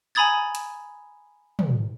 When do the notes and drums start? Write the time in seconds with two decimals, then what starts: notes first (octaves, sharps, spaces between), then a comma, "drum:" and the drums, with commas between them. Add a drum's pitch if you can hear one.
0.15 G#5 A#5 B5 D#6 G#6 A6
0.55 drum: hi-hat
1.59 drum: tom